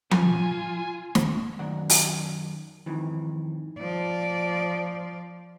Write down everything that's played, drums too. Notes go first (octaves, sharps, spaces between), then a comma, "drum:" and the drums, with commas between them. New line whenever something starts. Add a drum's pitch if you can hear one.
F4 G#5, drum: tom F3
drum: snare
F#2 D#3 D5 F#5
drum: open hi-hat
F2 G#2 D#3 E3
F3 D5